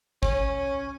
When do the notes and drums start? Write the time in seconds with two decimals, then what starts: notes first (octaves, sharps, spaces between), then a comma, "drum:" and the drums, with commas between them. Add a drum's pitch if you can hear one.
0.23 C#4, drum: kick